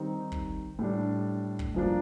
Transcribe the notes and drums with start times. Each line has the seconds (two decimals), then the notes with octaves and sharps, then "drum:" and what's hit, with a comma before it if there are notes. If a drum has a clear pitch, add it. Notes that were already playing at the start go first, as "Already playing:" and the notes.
Already playing: D#3 G3 C4 D#4
0.32 drum: kick
0.79 A2 G3 D4
1.59 drum: kick
1.75 G2 F3 A#3 D4